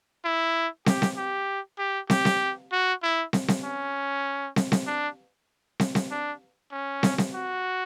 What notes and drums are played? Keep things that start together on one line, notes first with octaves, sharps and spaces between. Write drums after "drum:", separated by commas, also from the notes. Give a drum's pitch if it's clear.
E4
G4, drum: snare
drum: snare
G4
G4
G4, drum: snare
drum: snare
F#4
E4
drum: snare
drum: snare
C#4
drum: snare
drum: snare
D4
drum: snare
drum: snare
D4
C#4
drum: snare
drum: snare
F#4